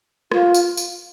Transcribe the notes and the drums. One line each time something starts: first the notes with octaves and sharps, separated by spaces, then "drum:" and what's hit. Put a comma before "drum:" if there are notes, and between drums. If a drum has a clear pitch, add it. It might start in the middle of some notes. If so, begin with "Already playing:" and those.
F4, drum: rim click
drum: tambourine
drum: tambourine